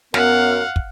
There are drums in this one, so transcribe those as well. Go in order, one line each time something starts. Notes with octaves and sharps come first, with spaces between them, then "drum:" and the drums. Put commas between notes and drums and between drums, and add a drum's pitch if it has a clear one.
F#2 B3 A#4 F5 F#5, drum: snare
drum: kick